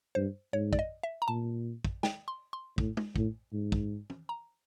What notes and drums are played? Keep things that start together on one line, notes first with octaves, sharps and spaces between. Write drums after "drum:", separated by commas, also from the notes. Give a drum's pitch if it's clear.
G2 C5
G#2 C#5
D5, drum: kick
D#5
E5
A#5
A#2 A5
drum: kick
G5, drum: snare
C6
C6
A2, drum: kick
drum: tom
A2, drum: kick
G#2
drum: kick
drum: tom
A#5